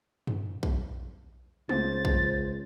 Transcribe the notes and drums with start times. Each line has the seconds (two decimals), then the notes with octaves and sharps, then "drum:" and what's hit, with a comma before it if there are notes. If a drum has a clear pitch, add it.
0.27 drum: tom F#2
0.63 drum: kick A#1
1.69 C#2 C5 A6, drum: tom G#3
2.05 drum: kick A#1